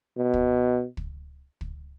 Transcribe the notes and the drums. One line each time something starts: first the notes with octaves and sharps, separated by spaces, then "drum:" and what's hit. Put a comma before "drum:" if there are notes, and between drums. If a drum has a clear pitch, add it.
B2
drum: kick
drum: kick
drum: kick